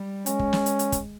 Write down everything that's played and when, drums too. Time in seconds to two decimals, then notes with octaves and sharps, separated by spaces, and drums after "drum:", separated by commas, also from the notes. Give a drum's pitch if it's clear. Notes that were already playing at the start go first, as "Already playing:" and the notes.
Already playing: G3
0.26 G#3 C#4, drum: hi-hat
0.39 drum: kick
0.53 drum: snare
0.66 drum: hi-hat
0.79 drum: hi-hat
0.92 drum: kick, hi-hat